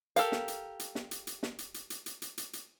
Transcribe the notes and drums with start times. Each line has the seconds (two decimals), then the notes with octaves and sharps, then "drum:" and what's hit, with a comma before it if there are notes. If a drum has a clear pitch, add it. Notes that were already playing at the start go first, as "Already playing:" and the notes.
0.16 G4 A4 A#4 F5, drum: hi-hat
0.32 drum: snare
0.48 drum: hi-hat
0.79 drum: hi-hat
0.95 drum: snare
1.11 drum: hi-hat
1.27 drum: hi-hat
1.43 drum: snare
1.59 drum: hi-hat
1.74 drum: hi-hat
1.90 drum: hi-hat
2.06 drum: hi-hat
2.22 drum: hi-hat
2.38 drum: hi-hat
2.53 drum: hi-hat